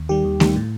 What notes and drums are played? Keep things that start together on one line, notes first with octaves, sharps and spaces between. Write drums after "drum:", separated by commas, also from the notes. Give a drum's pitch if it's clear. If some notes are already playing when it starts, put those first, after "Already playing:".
Already playing: D#2
D#3 G3 G4
D#2
D#3 G3, drum: snare A3
A2